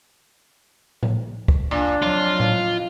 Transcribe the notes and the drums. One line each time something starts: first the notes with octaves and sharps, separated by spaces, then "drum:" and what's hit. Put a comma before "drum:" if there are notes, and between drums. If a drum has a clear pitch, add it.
drum: tom A2
drum: kick
A#2 D4 D5
F2 F#3 F4
drum: tom A2